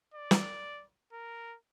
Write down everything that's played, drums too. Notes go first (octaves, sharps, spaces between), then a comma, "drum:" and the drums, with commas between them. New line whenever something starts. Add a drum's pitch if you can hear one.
D5
drum: snare
A#4